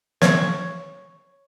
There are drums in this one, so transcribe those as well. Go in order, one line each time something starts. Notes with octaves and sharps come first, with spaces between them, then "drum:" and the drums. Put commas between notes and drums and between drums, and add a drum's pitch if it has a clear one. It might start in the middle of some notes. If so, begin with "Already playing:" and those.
C#5, drum: snare